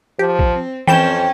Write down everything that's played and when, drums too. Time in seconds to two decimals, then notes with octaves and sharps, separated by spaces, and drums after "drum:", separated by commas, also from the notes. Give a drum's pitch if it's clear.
0.19 F3 G4
0.39 drum: kick A#1
0.53 C4
0.87 F2 E3 C4 C#4 G5 G6 E7